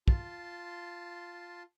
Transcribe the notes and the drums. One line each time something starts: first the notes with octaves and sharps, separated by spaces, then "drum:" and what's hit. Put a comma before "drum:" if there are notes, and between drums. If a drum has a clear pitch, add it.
F4 A5 C6, drum: kick